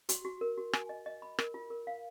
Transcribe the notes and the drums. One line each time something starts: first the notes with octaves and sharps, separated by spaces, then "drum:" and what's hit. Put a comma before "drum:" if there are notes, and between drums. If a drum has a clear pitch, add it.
F#4, drum: hi-hat
F#4
A#4
F#4
G#5, drum: rim click
D#5
D#5
B5
A#4, drum: rim click
F4
A#4
F5